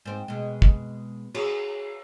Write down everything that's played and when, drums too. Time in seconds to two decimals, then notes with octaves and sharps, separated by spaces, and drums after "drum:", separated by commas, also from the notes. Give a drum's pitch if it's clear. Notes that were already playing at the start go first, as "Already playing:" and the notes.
0.05 G#2 C4
0.28 B2 G#3
0.62 drum: kick
1.35 F#4 G#4 C#5, drum: cymbal